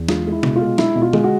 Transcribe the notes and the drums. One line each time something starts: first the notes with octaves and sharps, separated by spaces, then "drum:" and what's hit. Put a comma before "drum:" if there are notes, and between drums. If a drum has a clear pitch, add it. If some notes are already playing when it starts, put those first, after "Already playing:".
Already playing: E2
G#3 F4, drum: snare
G#3 E4
B2, drum: tom C3
F4
G#3
G#3 E4, drum: snare
B2
F4
G#3, drum: tom D3
F#4